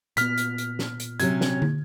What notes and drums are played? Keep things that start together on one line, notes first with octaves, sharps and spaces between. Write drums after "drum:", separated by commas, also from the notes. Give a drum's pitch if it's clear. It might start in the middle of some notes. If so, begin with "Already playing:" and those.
A#2 B3 F6 B6, drum: hi-hat
drum: hi-hat
drum: hi-hat
drum: snare
drum: hi-hat
C3 F#3 C#4 G#6, drum: hi-hat
drum: snare
drum: tom